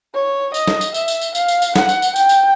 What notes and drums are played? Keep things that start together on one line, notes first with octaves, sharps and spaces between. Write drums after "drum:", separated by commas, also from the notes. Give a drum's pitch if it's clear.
C#5
D#5, drum: tambourine
drum: snare
drum: tambourine
E5, drum: tambourine
drum: tambourine
drum: tambourine
F5, drum: tambourine
drum: tambourine
drum: tambourine
F#5, drum: snare
drum: tambourine
drum: tambourine
G5, drum: tambourine
drum: tambourine